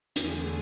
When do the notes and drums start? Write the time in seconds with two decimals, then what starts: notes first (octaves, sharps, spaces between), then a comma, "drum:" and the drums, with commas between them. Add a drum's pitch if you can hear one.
0.16 E2 D3 A3 G#4, drum: hi-hat